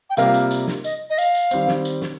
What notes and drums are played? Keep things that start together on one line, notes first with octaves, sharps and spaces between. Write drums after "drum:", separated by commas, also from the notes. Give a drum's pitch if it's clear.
G5
C3 G3 A#3 F4 A#4 F5, drum: tambourine
drum: tambourine
drum: tambourine
drum: snare
D#5, drum: tambourine
D#5
F5, drum: tambourine
drum: tambourine
D#3 G3 C4, drum: tambourine
drum: snare
drum: tambourine
drum: snare